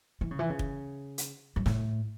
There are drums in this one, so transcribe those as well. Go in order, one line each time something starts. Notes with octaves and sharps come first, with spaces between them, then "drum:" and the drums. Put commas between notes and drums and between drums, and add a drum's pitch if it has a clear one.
E3
C#3
E3
C#3
drum: kick
drum: hi-hat
F#2
A2, drum: snare